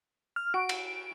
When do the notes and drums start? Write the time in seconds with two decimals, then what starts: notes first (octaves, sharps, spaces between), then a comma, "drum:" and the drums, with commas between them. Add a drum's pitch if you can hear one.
0.36 F6
0.54 F#4 D7
0.69 drum: cymbal